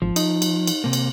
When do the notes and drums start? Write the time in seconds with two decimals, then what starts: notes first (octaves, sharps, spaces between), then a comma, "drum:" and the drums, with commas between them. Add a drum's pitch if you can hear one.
0.02 G#1 F3
0.16 D#4, drum: cymbal
0.42 drum: cymbal
0.67 drum: cymbal
0.84 C3 A#3
0.93 drum: cymbal